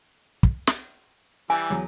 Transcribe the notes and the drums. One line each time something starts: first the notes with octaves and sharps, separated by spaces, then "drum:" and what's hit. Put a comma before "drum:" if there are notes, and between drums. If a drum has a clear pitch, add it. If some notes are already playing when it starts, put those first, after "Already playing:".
drum: kick
drum: snare
E3 G3 G#5
E2 F#3